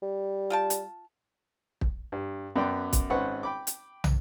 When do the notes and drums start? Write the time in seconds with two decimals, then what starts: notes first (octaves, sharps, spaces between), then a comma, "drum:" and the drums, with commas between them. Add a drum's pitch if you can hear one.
0.03 G3
0.50 F4 G5 A5
0.70 drum: hi-hat
1.81 drum: kick
2.12 G2
2.56 F#2 B3 D5 G5 C6 D6
2.93 drum: kick, hi-hat
3.10 G#1 C#4 B4 C5 F#5 C#6
3.43 G5 B5 D6
3.67 drum: hi-hat
4.04 drum: tom